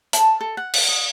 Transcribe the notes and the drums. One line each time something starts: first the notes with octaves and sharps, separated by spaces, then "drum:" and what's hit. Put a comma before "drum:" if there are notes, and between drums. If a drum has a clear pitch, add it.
A5, drum: hi-hat
A4
F#5
drum: cymbal
D#6